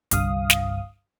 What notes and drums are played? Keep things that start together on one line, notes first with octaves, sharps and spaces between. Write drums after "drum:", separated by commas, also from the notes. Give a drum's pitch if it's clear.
G1 C2 G2 F5 D#6, drum: hi-hat
drum: snare